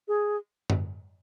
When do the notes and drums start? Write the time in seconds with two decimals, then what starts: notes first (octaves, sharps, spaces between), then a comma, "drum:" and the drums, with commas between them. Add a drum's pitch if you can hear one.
0.08 G#4
0.70 drum: tom F#2